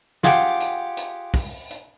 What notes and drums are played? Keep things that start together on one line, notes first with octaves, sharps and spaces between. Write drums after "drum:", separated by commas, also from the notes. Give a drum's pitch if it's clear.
F4 G4 G#4 F5 F#5 D6, drum: snare
drum: hi-hat
drum: hi-hat
drum: kick, open hi-hat
drum: hi-hat